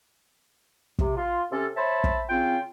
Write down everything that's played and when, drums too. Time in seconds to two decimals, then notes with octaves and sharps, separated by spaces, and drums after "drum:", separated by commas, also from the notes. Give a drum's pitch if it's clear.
0.99 C3, drum: kick
1.16 F4
1.51 C3 C#4 A4
1.75 C5 C#5 E5 A5 B5
2.04 drum: kick
2.29 C#3 C4 F4 G5